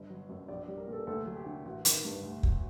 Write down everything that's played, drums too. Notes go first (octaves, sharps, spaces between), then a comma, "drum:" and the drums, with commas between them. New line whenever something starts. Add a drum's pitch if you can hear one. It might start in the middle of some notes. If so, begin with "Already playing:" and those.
Already playing: G1
F#3
F#2
A#1 D5
G3 D5
A#4
A#2 A4
D2 A4
F#3
G4
D3
A1 F#4
D#3, drum: hi-hat
G2
D2
F#3, drum: kick